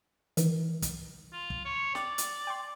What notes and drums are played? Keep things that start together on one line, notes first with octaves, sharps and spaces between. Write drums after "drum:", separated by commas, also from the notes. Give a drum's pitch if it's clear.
D#3 E3, drum: hi-hat
drum: kick, hi-hat
F4
drum: kick
C#5
D5 G5, drum: snare
drum: hi-hat
G5 C6